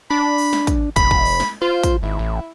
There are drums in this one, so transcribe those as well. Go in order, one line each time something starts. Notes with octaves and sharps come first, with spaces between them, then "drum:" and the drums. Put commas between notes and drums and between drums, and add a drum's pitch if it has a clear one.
D4 B5
drum: open hi-hat
drum: snare
drum: kick, hi-hat
F1 B5, drum: kick, hi-hat
drum: kick
drum: open hi-hat
drum: snare
F4 C5
drum: kick, hi-hat
G#1 E4
A1